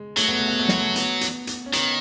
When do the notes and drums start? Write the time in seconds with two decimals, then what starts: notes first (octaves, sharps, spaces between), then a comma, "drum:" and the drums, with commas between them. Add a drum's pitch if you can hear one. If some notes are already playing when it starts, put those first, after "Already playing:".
Already playing: G#3
0.17 F#3 A3, drum: hi-hat
0.28 B3
0.38 A3
0.48 B3
0.59 A3
0.69 B3, drum: snare
0.79 A3
0.96 B3, drum: hi-hat
1.21 drum: hi-hat
1.47 drum: hi-hat
1.66 C#4
1.73 D#3 B3, drum: hi-hat